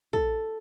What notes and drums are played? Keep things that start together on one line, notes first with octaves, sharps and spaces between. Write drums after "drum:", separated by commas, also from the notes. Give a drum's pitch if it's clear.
A4, drum: kick